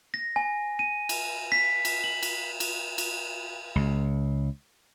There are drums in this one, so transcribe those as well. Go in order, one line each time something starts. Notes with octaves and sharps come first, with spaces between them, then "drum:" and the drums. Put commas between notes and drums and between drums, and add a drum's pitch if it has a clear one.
A#6
G#5
D#7
drum: cymbal
B6
drum: cymbal
F#7
drum: cymbal
drum: cymbal
drum: cymbal
C#2